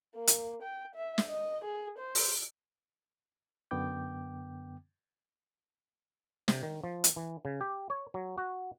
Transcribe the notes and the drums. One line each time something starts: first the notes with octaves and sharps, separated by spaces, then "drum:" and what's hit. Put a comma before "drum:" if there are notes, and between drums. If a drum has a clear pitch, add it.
A#3
drum: hi-hat
G5
E5
drum: snare
D#5
G#4
C5
drum: open hi-hat
F#2 D3 B3 G5 D6 G6
C3, drum: snare
D#3
F3
drum: hi-hat
E3
C#3
G4
C#5
F#3
F#4